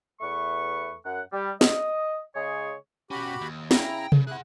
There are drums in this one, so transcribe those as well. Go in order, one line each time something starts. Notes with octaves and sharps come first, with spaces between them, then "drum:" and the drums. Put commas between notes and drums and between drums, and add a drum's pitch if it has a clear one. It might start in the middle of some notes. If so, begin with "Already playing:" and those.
E2 A3 B4 C#6
F#2 F#5
G3
D#5, drum: snare
C#3 G#3 G#4 C#5
B2 C#4 F#4 G4 B5
D#2
C#3 E4 F#5 G5 A#5, drum: snare
C#3, drum: tom C3
C3 E4 G#4 F#5 F#6